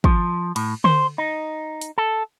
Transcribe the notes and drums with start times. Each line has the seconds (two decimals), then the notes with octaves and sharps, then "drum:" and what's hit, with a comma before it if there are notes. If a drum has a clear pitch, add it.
0.04 F3, drum: kick
0.56 A2, drum: cymbal
0.84 C5, drum: tom D3
1.18 D#4
1.81 drum: hi-hat
1.98 A4